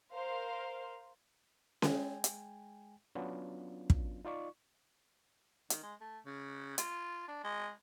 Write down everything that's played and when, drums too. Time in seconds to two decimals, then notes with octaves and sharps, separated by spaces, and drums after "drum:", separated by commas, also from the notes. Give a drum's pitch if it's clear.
0.11 A#4 C5 F5
1.82 G#3 G5 G#5, drum: snare C#4
2.24 drum: hi-hat
3.15 F#3 B3 C#4 D4 F4
3.90 drum: kick
4.25 D#4 F4 D5 C#6
5.70 D#3, drum: hi-hat
5.83 G#3
6.01 A3
6.26 C#3
6.78 F4, drum: hi-hat
7.28 D4
7.44 G#3